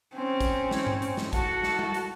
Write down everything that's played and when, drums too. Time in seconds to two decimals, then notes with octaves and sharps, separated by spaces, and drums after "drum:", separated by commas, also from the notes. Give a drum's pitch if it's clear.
0.14 C4 C#4
0.40 drum: kick A1, hi-hat
0.71 drum: snare
0.87 drum: tom G2
1.02 drum: hi-hat
1.17 drum: snare
1.33 F#4 A4, drum: kick A1, hi-hat
1.64 drum: snare
1.79 drum: tom G3
1.94 drum: hi-hat